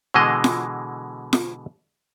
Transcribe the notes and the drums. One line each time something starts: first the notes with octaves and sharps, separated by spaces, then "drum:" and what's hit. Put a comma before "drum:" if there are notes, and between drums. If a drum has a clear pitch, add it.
B2 D3 E3 G#3 D#5
drum: snare F4
drum: snare F4